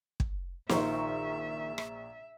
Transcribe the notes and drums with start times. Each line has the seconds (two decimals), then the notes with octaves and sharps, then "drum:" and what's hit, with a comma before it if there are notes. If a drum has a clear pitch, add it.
0.20 drum: kick
0.69 A#1 D#3 F4 C5 E5 A#5 C#6, drum: snare
1.78 drum: rim click